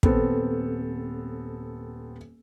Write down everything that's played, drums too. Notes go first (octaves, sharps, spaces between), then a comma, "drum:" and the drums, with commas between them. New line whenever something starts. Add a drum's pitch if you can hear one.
D#1 B3 C4 A4, drum: kick